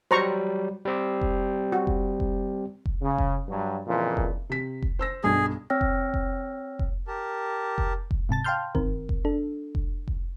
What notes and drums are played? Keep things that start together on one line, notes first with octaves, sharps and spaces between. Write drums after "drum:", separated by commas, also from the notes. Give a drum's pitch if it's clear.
F#3 G3 C5 A#5 C#6
G3 C4 G4
drum: kick F1
F#4
drum: kick F1
drum: kick F1
drum: kick F1
C#3
drum: kick F1
G2 F#3
F2 A#2 C#3 E3 F3
drum: kick F1
C3 B6
drum: kick F1
C5 E6 A#6
B1 G2 G#4 G#6
C4 C#5 G5 E6 F6 A#6
drum: kick F1
drum: kick F1
drum: kick F1
G4 A#4 A5
drum: kick F1
drum: kick F1
G#2 C3 A5 A6
F5 G5 A5 C6 F6 G6
G1 D#3 C4 A#4, drum: kick F1
drum: kick F1
D4 A4
drum: kick F1
drum: kick F1